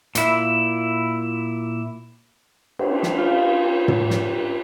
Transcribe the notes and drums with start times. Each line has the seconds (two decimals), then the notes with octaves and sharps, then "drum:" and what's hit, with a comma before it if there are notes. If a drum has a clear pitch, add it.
0.15 A#2 E4, drum: hi-hat
2.79 drum: cymbal
3.03 drum: snare
3.18 F4
3.88 drum: tom
4.10 drum: snare